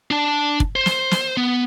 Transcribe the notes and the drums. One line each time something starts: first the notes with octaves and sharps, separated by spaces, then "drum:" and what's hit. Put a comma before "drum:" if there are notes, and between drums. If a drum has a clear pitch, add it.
D4 A5
drum: kick
C5
drum: snare
drum: snare
B3